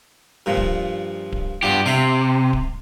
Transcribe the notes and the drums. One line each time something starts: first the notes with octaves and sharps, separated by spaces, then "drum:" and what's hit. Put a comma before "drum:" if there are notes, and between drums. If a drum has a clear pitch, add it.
G2 A#2 F3
drum: kick D1
drum: kick D1
G2 B3 F4 G4
C3 E5 F5 C6
drum: kick D1